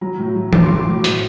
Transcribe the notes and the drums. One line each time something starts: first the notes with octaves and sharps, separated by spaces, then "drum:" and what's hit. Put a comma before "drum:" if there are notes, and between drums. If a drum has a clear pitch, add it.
F#3 A#5
A2
F#3
A2 D6, drum: tom
C6
F#3 D6
A2
A2, drum: hi-hat